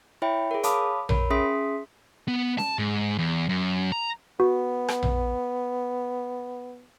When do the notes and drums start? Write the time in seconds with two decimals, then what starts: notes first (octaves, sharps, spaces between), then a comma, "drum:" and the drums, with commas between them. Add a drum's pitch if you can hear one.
0.22 E4 C#5 E5 G5 B5
0.51 G#4 A#4
0.63 C#5 F5 A5 B5 D6 D#6, drum: hi-hat
1.09 A#4 C#5 B5, drum: tom A#1
1.30 C#4 G#4 E5 C6 D#6 B6
2.28 B3
2.58 A5, drum: snare C#4
2.79 G#2
3.18 E2
3.49 F#2
3.92 A#5
4.40 B3 F#4
4.88 drum: rim click
5.03 drum: tom A#1